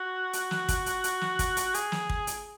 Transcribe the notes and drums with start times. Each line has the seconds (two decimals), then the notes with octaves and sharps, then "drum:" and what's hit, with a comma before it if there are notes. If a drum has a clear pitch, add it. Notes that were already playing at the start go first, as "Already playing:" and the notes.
Already playing: F#4
0.33 drum: hi-hat
0.51 drum: snare
0.69 drum: kick, hi-hat
0.86 drum: hi-hat
1.04 drum: hi-hat
1.21 drum: snare
1.39 drum: kick, hi-hat
1.57 drum: hi-hat
1.74 G#4, drum: hi-hat
1.92 drum: snare
2.09 drum: kick
2.27 drum: hi-hat